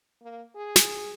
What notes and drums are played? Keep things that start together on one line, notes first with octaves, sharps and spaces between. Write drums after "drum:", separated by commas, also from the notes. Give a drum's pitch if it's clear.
A#3
G#4
drum: snare